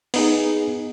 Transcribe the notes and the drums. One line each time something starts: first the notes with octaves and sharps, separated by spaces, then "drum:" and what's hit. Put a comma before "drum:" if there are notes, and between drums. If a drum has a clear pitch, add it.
B3 D#4 G#4, drum: open hi-hat